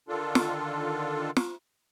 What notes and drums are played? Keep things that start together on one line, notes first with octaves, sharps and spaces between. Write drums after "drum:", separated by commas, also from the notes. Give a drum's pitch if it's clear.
D3 D#3 D4 F4 A4
drum: snare
drum: snare